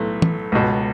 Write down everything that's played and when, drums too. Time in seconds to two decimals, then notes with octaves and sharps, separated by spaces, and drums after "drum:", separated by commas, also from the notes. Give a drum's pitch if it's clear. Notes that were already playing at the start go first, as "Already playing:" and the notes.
Already playing: B1 A2 A3
0.22 drum: tom
0.52 C#2 B2